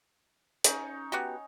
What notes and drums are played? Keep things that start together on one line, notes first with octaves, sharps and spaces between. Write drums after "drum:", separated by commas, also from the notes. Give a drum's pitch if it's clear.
C#4 D#4 C#5, drum: hi-hat
B3 F#4 G4